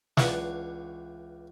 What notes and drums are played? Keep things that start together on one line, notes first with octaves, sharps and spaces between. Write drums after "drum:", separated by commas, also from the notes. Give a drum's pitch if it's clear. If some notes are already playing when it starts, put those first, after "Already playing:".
C#2 E3 D4 F5 F#5 C#6, drum: snare